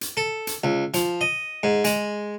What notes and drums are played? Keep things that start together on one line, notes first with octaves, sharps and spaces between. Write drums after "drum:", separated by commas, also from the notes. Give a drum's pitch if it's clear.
drum: hi-hat
A4
drum: hi-hat
C#2
F3, drum: hi-hat
D#5
G#2
G#3, drum: hi-hat